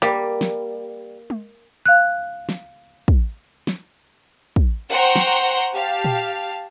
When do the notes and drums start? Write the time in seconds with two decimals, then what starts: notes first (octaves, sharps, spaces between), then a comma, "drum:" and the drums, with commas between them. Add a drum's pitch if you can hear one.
0.02 G3 A#3
0.41 drum: snare
1.30 drum: tom G#3
1.86 F5 F#6
2.49 drum: snare
3.08 drum: kick
3.67 drum: snare
4.56 drum: kick
4.90 C5 F#5 G5 A#5 C6 C#6
5.16 drum: snare
5.75 G4 F5 A5
6.05 drum: tom A#2